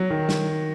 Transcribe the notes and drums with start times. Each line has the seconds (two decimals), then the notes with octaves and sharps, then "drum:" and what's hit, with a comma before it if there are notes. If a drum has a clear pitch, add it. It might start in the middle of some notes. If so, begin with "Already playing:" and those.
Already playing: F#3
0.10 D#3
0.29 drum: snare